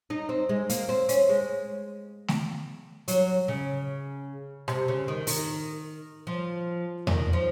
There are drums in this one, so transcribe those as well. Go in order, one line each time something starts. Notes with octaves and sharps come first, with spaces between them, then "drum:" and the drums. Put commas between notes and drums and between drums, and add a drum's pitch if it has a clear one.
D#4
C4
G#3
A#3, drum: hi-hat
C4
C#4, drum: hi-hat
G#3
drum: snare A3
F#3, drum: hi-hat
C#3
C3, drum: rim click
C#3
D#3
D#3, drum: open hi-hat
F3
D#3, drum: tom E2
F3